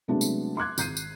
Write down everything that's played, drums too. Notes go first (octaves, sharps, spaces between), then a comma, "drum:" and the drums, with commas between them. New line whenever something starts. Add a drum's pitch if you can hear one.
C3 F#3 G#3 A3 B3 D4
drum: tambourine
C6 D6 F#6 G#6
G#1 G6 C7 D#7, drum: tambourine
drum: tambourine